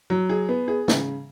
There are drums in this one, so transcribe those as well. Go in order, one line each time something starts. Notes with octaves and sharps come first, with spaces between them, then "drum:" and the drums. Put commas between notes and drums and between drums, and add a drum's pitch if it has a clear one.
F#3
G#4
B3
G#4
C#3, drum: snare